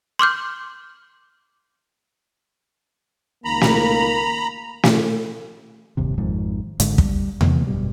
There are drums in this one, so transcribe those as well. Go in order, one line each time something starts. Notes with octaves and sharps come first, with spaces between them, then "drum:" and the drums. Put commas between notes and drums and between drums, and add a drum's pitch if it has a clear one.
C6 D6 F6 G6
C#2 D#3 A#3 A#5 B5
drum: snare
drum: snare
D1 G1 D#2 C3
G#1 F2 G#2
G#1 G#2 D3 G#3, drum: hi-hat
G3, drum: kick
C3 E3 A3 B3, drum: tom E2
G1 F#2 B2 G3